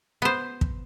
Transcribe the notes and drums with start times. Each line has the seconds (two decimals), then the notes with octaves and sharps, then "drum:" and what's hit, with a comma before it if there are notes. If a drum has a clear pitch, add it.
0.22 B3 C5
0.61 drum: kick